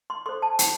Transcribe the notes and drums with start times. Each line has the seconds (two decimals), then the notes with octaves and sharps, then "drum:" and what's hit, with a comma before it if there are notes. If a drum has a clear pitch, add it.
0.10 C6
0.26 A4 C5 C6
0.42 A5
0.59 E4 G5, drum: hi-hat